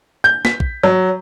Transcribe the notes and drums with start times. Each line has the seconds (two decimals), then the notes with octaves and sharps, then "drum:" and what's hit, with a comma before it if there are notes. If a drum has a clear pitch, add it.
0.24 G6
0.45 B6, drum: snare
0.60 drum: kick
0.83 F#3